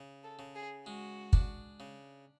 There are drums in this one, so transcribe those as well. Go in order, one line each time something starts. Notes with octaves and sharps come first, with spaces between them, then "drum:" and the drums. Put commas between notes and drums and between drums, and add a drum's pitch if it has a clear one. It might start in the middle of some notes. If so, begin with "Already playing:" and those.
Already playing: C#3
A4
C#3
G#4
G#3 F#4
D4, drum: kick
C#3